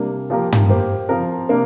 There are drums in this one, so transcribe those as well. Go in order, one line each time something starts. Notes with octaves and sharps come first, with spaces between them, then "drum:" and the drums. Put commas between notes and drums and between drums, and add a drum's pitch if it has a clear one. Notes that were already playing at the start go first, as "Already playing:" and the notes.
Already playing: C3 G3 A#3 D4
F3 A#3 G4 A#4
drum: tom
A#3 G4 C5
F3 C4 A#4
C3 A#3 D4 A#4